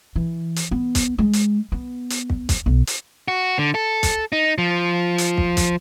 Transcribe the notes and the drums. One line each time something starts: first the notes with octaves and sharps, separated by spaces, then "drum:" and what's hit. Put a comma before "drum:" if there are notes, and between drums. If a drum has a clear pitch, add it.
E3
drum: hi-hat
B3
drum: kick, hi-hat
G#3
drum: hi-hat
B3
drum: hi-hat
drum: kick
drum: kick, hi-hat
B1
drum: hi-hat
F#4
D3
A4
drum: kick, hi-hat
D#4
F3
drum: hi-hat
drum: kick
drum: kick, hi-hat